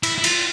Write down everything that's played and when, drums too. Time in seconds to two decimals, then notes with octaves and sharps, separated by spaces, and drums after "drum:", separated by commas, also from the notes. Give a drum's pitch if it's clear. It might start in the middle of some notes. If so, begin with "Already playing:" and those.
0.03 E4, drum: cymbal
0.18 E4
0.24 F4, drum: cymbal